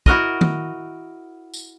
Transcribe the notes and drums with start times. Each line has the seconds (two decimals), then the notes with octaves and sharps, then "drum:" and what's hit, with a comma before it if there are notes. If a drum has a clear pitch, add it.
0.06 E4 F#4 A#4 D#5, drum: kick
0.41 drum: tom D#3
1.54 drum: tambourine